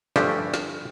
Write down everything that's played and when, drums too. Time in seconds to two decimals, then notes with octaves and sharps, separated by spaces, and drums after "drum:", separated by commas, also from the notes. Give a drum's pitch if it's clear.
0.16 G2 D3 F3 A3 G4 G#4, drum: snare
0.54 drum: snare